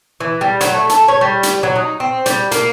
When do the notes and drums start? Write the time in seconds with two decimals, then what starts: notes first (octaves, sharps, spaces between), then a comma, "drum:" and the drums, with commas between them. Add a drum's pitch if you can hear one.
0.20 E3
0.41 G3
0.61 F#3, drum: hi-hat
0.73 A3
0.89 A4, drum: hi-hat
1.08 C#5
1.21 G3
1.43 drum: hi-hat
1.63 F#3
1.76 D#4
2.00 C4
2.26 G3, drum: hi-hat
2.51 A#3, drum: hi-hat